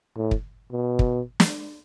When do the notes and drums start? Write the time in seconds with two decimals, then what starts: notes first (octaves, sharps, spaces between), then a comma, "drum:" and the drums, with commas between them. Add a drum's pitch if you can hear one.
0.17 A2
0.31 drum: kick
0.72 B2
0.99 drum: kick
1.40 drum: snare